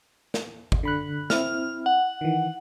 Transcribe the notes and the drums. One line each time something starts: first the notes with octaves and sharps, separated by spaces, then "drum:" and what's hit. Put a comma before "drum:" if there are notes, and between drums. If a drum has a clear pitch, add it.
drum: snare
drum: kick G#1
D3 B5 F#6
C4 E4 F6, drum: snare
F#5
D#3 E3